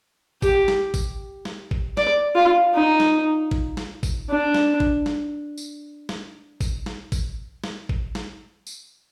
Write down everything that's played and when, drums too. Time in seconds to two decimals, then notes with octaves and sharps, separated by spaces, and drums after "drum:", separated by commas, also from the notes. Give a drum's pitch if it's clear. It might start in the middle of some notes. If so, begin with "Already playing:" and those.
0.42 G4, drum: kick G#1, tambourine
0.68 drum: snare
0.94 drum: kick G#1, tambourine
1.45 drum: snare
1.71 drum: kick G#1
1.97 D5, drum: snare
2.35 F4
2.74 D#4
3.00 drum: snare
3.51 drum: kick G#1
3.77 drum: snare
4.03 drum: kick G#1, tambourine
4.29 D4
4.54 drum: snare
4.80 drum: kick G#1
5.06 drum: snare
5.57 drum: tambourine
6.09 drum: snare
6.61 drum: kick G#1, tambourine
6.86 drum: snare
7.12 drum: kick G#1, tambourine
7.64 drum: snare
7.89 drum: kick G#1
8.15 drum: snare
8.67 drum: tambourine